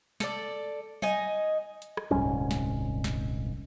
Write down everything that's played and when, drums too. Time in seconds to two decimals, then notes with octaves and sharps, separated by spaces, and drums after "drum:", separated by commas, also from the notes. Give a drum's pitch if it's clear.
0.20 A4 D5, drum: snare
1.02 D#4 D#5 G#5, drum: tom F#3
1.82 drum: hi-hat
1.97 drum: rim click
2.11 D#1 C2 G#2 C#4, drum: tom F#3
2.51 drum: snare
3.04 drum: snare